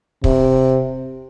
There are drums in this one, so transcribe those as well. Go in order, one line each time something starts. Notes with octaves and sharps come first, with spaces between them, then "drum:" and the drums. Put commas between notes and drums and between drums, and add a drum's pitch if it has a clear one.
C3, drum: kick